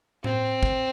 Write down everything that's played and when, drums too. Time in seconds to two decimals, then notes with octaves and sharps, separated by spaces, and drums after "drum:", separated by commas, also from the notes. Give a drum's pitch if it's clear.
0.24 C4, drum: tom A2
0.63 drum: kick